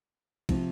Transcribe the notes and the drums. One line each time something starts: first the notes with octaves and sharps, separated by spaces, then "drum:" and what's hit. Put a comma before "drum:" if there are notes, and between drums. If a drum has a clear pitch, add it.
C3 F3, drum: kick, cymbal